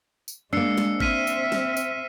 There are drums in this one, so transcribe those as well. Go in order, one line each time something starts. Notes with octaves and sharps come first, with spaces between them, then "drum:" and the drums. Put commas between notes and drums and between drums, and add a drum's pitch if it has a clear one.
drum: tambourine
G#3 A#3 D4 E6 C7 C#7
drum: snare
C4 E5 F6 B6 D#7, drum: kick G#1
drum: tambourine
drum: snare
drum: tambourine